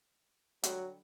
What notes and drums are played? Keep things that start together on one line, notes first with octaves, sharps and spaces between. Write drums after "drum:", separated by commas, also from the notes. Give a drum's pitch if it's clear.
D3 F#3 G3, drum: hi-hat